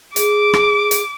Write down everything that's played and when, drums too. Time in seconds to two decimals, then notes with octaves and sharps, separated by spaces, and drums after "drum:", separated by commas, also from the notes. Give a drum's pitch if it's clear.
0.16 G#4 D6, drum: hi-hat
0.53 drum: rim click
0.91 drum: hi-hat